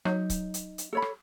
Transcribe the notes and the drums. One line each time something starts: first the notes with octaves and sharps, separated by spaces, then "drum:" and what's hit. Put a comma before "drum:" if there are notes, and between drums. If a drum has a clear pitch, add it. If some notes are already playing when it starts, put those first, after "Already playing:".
F#3 D#4, drum: rim click
drum: kick C#1, hi-hat
drum: hi-hat
drum: hi-hat
A4 C#5 B5
drum: rim click